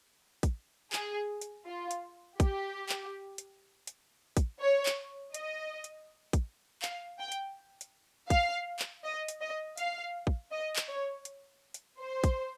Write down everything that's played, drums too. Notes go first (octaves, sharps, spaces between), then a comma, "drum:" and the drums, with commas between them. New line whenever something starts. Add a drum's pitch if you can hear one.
drum: kick, hi-hat
G#4, drum: clap
drum: hi-hat
F4
drum: hi-hat
G4, drum: kick, hi-hat
drum: clap
drum: hi-hat
drum: hi-hat
drum: kick, hi-hat
C#5
drum: clap
D#5, drum: hi-hat
drum: hi-hat
drum: kick, hi-hat
F5, drum: clap
G5
drum: hi-hat
drum: hi-hat
F5, drum: kick, hi-hat
drum: clap
D#5
drum: hi-hat
D#5
F5, drum: hi-hat
drum: kick
D#5
drum: clap
C#5
drum: hi-hat
drum: hi-hat
C5
drum: kick, hi-hat